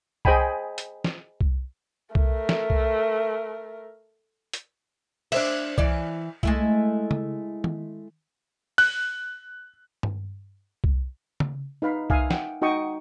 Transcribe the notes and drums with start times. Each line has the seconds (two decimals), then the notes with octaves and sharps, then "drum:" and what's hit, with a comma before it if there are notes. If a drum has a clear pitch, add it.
0.25 G#4 C5 D#5 G5 G#5 B5, drum: kick C2
0.78 drum: hi-hat
1.04 drum: snare
1.41 drum: kick C2
2.15 A3 A#4, drum: kick C2
2.49 drum: snare
2.70 drum: kick C2
4.53 drum: hi-hat
5.32 D4 C5 E5, drum: cymbal
5.78 E3 D5, drum: kick C2
6.43 G#3 A3 E4, drum: kick C2
7.11 drum: tom C#3
7.64 drum: tom D#3
8.78 F#6, drum: open hi-hat
10.03 drum: tom G2
10.84 drum: kick C2
11.40 drum: tom C#3
11.82 D#4 B4 F5 B5
12.10 D#4 E5 F5 G#5 D#6, drum: kick C2
12.30 F#5 G5, drum: snare
12.62 D#4 F#4 D#5 G5 C#6 D#6